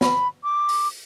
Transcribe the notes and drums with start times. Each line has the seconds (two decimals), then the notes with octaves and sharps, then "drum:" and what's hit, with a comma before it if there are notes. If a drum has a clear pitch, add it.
0.01 B5, drum: snare
0.44 D6
0.69 drum: open hi-hat